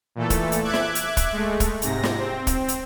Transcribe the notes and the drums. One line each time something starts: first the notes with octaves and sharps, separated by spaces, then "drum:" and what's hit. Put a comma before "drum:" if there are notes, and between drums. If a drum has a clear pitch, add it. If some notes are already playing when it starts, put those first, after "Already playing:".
A#2 E3 A3 A4
drum: kick, hi-hat
drum: hi-hat
E5 D6 F#6 G#6
drum: snare
drum: hi-hat
drum: kick, hi-hat
G#3 A3
drum: kick, hi-hat
G#2 C3 A#6, drum: hi-hat
drum: snare
C4
drum: kick, hi-hat
drum: hi-hat